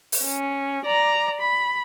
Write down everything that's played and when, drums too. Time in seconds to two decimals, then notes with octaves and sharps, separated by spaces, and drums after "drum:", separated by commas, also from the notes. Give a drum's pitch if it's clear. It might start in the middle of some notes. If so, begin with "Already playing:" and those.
0.12 drum: open hi-hat
0.23 C#4
0.85 D5 A#5
1.41 B5